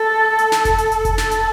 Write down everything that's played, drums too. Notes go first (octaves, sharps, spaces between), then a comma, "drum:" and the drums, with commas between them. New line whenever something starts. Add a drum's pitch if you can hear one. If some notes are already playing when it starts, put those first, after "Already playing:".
Already playing: A4
drum: hi-hat
drum: snare
drum: kick F1, hi-hat
drum: hi-hat
drum: hi-hat
drum: kick F1, hi-hat
A4, drum: snare
drum: hi-hat